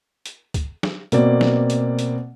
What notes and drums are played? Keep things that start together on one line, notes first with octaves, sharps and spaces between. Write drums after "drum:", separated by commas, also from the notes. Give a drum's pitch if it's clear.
drum: hi-hat
drum: kick C#2, hi-hat
drum: snare
B2 A#3 C4 D5, drum: hi-hat
drum: snare
drum: hi-hat
drum: hi-hat